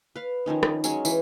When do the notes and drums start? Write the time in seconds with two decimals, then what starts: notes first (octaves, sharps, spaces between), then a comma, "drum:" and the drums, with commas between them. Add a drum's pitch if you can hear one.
0.16 B4 F5
0.46 D#3 F3 C#4 D#4
0.63 drum: rim click
0.84 F#3 G#3 C#4 G#5, drum: tambourine
1.05 E3, drum: tambourine